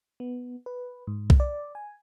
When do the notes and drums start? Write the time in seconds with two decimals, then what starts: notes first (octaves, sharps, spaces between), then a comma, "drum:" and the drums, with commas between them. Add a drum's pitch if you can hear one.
0.20 B3
0.66 B4
1.07 G#2
1.30 drum: kick B1
1.40 D5
1.75 G#5